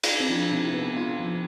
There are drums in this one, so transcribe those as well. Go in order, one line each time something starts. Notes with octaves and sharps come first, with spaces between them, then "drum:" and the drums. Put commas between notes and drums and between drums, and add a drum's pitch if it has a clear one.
drum: cymbal
C4
F3 D4
C3
E4
B3
D4 F4
F3